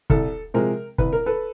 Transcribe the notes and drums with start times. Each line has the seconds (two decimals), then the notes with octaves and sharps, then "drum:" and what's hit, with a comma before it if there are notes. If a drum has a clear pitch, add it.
0.10 C2 A4, drum: kick
0.54 C3 F3 G#3 A#4
0.98 C2 B4, drum: kick
1.13 A#4
1.26 A4 B4